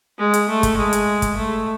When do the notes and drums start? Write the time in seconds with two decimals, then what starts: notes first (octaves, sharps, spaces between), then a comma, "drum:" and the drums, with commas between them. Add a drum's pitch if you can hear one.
0.18 G#3
0.34 drum: hi-hat
0.49 A3
0.63 drum: kick, hi-hat
0.77 G#3
0.93 drum: hi-hat
1.22 drum: kick, hi-hat
1.37 A3